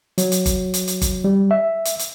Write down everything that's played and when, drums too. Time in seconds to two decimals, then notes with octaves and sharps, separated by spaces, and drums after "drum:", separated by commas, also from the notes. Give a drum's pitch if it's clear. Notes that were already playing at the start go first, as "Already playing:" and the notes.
0.18 F#3, drum: hi-hat
0.32 drum: hi-hat
0.46 drum: kick G1, hi-hat
0.74 drum: hi-hat
0.88 drum: hi-hat
1.02 drum: kick G1, hi-hat
1.24 G3
1.51 E5
1.85 drum: hi-hat
1.99 drum: hi-hat